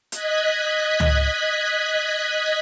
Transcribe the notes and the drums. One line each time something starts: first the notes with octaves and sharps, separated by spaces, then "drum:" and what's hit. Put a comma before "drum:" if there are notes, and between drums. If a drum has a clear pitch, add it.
D#5 F#6 G#6 B6, drum: hi-hat
drum: tom C#2